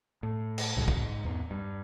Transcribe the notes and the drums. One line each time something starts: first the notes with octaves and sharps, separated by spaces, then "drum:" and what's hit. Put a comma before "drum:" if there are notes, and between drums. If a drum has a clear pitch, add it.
A2
drum: cymbal
C2 F#2 A2 C#3
drum: kick
G#2
E2 G#2
G2